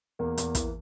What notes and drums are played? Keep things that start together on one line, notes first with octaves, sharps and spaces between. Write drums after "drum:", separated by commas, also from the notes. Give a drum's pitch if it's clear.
E2 A#3
E2, drum: hi-hat
E3, drum: kick, hi-hat